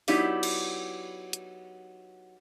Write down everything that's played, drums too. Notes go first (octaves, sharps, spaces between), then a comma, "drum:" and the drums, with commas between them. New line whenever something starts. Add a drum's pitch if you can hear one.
F#3 B3 D#4 E4 G4 D5, drum: open hi-hat
drum: cymbal
drum: hi-hat